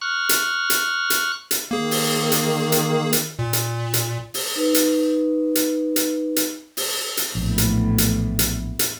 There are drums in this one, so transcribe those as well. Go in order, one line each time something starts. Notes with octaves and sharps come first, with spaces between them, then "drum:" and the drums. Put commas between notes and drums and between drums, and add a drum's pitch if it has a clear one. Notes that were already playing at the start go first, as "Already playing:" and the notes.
C#6 F6 F#6
drum: hi-hat
drum: hi-hat
drum: hi-hat
drum: hi-hat
D#3 A#3 G#4
drum: open hi-hat
drum: hi-hat
drum: hi-hat
drum: hi-hat
A#2
drum: hi-hat
drum: hi-hat
drum: open hi-hat
D#4 B4
drum: hi-hat
drum: hi-hat
drum: hi-hat
drum: hi-hat
drum: open hi-hat
drum: hi-hat
A#1 E2 A2
drum: hi-hat
drum: hi-hat
drum: hi-hat
drum: hi-hat